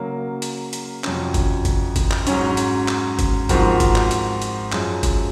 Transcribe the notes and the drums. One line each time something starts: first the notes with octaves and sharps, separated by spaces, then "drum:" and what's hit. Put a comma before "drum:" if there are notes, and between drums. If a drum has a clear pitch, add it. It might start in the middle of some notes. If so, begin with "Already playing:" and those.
Already playing: C#3 F#3 A#3
drum: hi-hat
drum: hi-hat
F2 C3 F#3 C#4, drum: clap
drum: kick G1, hi-hat
drum: kick G1, hi-hat
drum: kick G1, hi-hat
drum: clap
G#2 F#3 C#4, drum: hi-hat
drum: hi-hat
drum: clap
drum: kick G1, hi-hat
G#2 F3 C4 F#4 A#4, drum: kick G1, hi-hat
drum: kick G1, hi-hat
drum: clap
drum: hi-hat
drum: hi-hat
F#2 F3 G#3, drum: clap
drum: kick G1, hi-hat